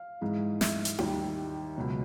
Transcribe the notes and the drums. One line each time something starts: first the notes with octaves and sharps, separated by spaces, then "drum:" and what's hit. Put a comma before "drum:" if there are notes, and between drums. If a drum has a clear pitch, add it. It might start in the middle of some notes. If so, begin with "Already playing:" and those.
Already playing: F5
G#2 E3 G#3
E5, drum: snare
drum: hi-hat
D#2 D#3 G3, drum: tom E4
C#2 B2 F#3